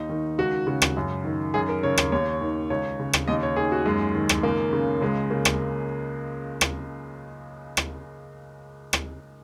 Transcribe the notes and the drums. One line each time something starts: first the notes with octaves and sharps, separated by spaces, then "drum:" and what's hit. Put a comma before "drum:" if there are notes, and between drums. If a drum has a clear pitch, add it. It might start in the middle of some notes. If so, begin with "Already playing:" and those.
Already playing: D#2 D#4
D#3
C#2 F#4
C#3 F#4
drum: rim click
F#2
D#3
F#2 G#4
A#4
C#3 C#5
drum: rim click
D#2 C#5
D#3
C#2 C#5
C#3
drum: rim click
D#2 D#5
C#5
D#3 G#4
F#4
F#2 G#3
D#3
drum: rim click
C#2 A#3
C#3
C#2 G#3
C#3 A#3
drum: rim click
drum: rim click
drum: rim click
drum: rim click